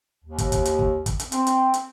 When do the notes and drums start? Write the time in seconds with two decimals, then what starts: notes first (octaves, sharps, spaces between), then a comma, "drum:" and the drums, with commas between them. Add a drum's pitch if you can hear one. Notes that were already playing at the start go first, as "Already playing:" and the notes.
0.25 D#2
0.38 drum: kick, hi-hat
0.52 drum: kick, hi-hat
0.65 drum: hi-hat
0.79 drum: kick
1.06 drum: kick, hi-hat
1.20 drum: hi-hat
1.32 C4, drum: hi-hat
1.47 drum: hi-hat
1.74 drum: hi-hat